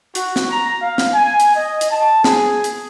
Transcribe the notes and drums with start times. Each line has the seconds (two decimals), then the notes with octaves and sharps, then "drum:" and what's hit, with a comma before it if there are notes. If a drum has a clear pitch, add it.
0.15 F#4, drum: hi-hat
0.36 drum: snare
0.50 A#5
0.81 F5
0.98 drum: snare
1.13 G#5
1.40 drum: hi-hat
1.56 D#5
1.81 drum: hi-hat
1.91 A5
2.24 G#4, drum: snare
2.64 drum: hi-hat